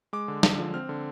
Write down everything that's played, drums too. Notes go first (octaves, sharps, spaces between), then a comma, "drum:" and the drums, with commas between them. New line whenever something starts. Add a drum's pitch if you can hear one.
G#3 D6
D3
D3, drum: snare
F3
C4 F6
D3